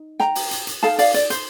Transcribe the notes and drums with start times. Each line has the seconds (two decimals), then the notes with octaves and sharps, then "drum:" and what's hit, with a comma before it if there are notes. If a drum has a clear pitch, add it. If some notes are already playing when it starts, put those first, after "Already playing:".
Already playing: D#4
0.20 G5 A#5, drum: snare
0.35 drum: open hi-hat
0.51 drum: hi-hat
0.67 drum: hi-hat
0.83 D#4 A4 F5 A5, drum: snare
0.98 D5 F5, drum: open hi-hat
1.14 D5, drum: hi-hat
1.30 C5, drum: hi-hat